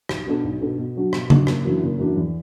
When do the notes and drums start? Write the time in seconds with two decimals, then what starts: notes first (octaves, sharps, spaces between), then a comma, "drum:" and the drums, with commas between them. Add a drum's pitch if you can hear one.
0.09 B1, drum: rim click
0.26 B2 B3 D4 A4
0.44 B1
0.61 B2 B3 D4 A4
0.78 B2
0.96 F#3 D4 F#4
1.13 B2, drum: rim click
1.30 F#3 D4 F#4, drum: tom C#3
1.47 F#1, drum: rim click
1.64 F#2 E3 D4 F#4
1.82 F#1
1.98 F#2 E3 D4 F#4
2.16 E2